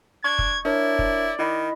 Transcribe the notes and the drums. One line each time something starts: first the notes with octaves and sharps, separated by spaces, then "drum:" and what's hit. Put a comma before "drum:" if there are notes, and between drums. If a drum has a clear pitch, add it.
D4 C#6 G#6
drum: kick
D4 E4 A#4 C#5 D5
drum: kick
D#3 E4 D#5 B5